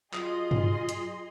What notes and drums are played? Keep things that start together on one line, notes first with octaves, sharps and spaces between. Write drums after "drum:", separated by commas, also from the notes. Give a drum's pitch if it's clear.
F#3 F4 G#4 D#5 C6 D#6, drum: clap
drum: tom G2
drum: hi-hat